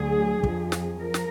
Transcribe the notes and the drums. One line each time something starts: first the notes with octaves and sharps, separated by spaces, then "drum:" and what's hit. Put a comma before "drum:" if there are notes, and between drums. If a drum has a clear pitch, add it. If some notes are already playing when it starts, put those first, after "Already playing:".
Already playing: D2 D3 F#3 G#4
F2 F3, drum: kick
drum: snare
F3 A#4
drum: snare